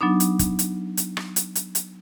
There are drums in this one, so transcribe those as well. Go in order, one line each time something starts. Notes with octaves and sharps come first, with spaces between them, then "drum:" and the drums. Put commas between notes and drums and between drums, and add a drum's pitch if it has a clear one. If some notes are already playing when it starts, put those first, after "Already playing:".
F#3 B3 D4 D#4
drum: hi-hat
drum: kick, hi-hat
drum: hi-hat
drum: hi-hat
drum: rim click
drum: hi-hat
drum: hi-hat
drum: hi-hat